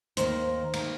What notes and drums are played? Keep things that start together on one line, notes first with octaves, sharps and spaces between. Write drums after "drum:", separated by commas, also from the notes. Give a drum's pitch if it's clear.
D#2 D#3 A#3 C5, drum: hi-hat
D#3 A#3, drum: cymbal